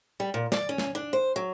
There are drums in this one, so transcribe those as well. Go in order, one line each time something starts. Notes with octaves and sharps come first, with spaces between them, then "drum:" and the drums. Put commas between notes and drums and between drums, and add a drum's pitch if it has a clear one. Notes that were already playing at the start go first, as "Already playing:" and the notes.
G3
A#2
D5, drum: snare
C#4
drum: snare
D4
C5
F#3